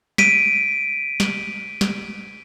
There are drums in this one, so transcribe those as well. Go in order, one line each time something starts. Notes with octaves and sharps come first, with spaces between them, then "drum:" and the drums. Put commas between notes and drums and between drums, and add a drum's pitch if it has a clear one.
B6 D7 D#7, drum: snare
drum: snare
drum: snare